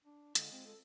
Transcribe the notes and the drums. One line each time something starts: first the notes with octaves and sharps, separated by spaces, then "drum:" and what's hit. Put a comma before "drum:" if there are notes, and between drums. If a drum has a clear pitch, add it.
D4
D3 G#3 F4 D#5, drum: hi-hat
C4
A4